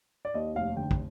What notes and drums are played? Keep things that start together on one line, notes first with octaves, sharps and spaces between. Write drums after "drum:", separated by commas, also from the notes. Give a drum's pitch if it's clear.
D5
D#2 D#5
F1 F5
D3 G5
drum: kick